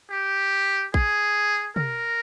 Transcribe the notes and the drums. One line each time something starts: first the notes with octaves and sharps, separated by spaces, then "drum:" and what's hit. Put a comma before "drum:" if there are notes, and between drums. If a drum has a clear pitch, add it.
G4
G#4, drum: kick
A#4, drum: tom